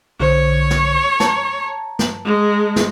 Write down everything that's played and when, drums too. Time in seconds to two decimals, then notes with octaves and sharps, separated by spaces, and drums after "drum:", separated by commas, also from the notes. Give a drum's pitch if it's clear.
0.20 B1 D3 C5 C#5
0.70 drum: snare
1.20 A5 A#5, drum: snare
1.99 drum: snare
2.25 G#3
2.76 drum: snare